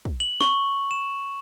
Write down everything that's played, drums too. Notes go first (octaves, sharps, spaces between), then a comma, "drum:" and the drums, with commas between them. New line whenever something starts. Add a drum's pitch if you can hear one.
drum: kick
F#7
C#6, drum: snare
E7